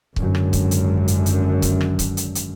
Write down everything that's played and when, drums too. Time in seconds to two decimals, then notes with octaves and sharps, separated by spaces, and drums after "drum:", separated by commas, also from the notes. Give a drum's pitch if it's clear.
0.16 G#1 F#2 D3, drum: kick C#1
0.35 drum: rim click
0.53 drum: kick C#1, hi-hat
0.71 drum: hi-hat
1.08 drum: hi-hat
1.26 drum: hi-hat
1.62 drum: kick C#1, hi-hat
1.81 drum: rim click
1.99 drum: kick C#1, hi-hat
2.17 drum: hi-hat
2.35 drum: hi-hat